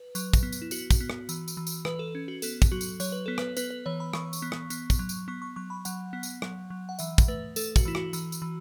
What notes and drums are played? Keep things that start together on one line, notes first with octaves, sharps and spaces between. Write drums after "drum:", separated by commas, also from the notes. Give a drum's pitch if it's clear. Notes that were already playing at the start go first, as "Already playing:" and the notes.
Already playing: B4
F#3, drum: tambourine
drum: kick, tambourine
B3
drum: tambourine
E4
B3 F#4, drum: tambourine
drum: kick, tambourine
B3
drum: rim click
E3, drum: tambourine
drum: tambourine
E3
drum: tambourine
E3 B4, drum: rim click
A4
C#4
F#4
B3 A4, drum: tambourine
drum: kick, tambourine
F#3 F#4
drum: tambourine
F#3 C#5, drum: tambourine
B4
B3 A4
B4, drum: rim click
B3 B4, drum: tambourine
B4
E3 C#5
B5
E3 C#6, drum: rim click
drum: tambourine
B3
drum: rim click
B3, drum: tambourine
drum: kick, tambourine
F#3
drum: tambourine
B3 C#6
C#6
F#3 C#6
B5
F#3 F#5, drum: tambourine
B3
drum: tambourine
F#3, drum: rim click
F#3
F#5
E3 E5, drum: tambourine
drum: kick, tambourine
A3 B4
A3 A4, drum: tambourine
F#4, drum: kick, tambourine
E3 E4
F#4, drum: rim click
E3, drum: tambourine
drum: tambourine
E3